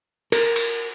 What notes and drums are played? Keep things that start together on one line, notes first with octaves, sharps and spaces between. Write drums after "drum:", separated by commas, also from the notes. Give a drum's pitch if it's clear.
A#4, drum: cymbal
drum: cymbal